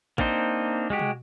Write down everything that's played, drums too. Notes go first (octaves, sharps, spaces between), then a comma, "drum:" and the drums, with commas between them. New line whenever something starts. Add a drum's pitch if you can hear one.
A#3 C4 D4 D#4 C5, drum: kick A1
G#3 F#4 G4
drum: tom B2